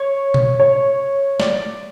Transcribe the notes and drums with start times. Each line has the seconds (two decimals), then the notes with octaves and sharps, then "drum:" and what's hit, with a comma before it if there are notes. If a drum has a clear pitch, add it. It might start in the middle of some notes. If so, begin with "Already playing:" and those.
Already playing: C#5
0.34 drum: tom B2
0.60 C#5
1.40 D5, drum: snare